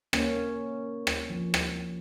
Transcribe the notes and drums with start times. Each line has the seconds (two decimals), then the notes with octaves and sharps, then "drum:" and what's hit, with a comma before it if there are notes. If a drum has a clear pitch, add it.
0.13 A#3 C#4, drum: rim click
1.07 drum: rim click
1.30 F3
1.54 drum: rim click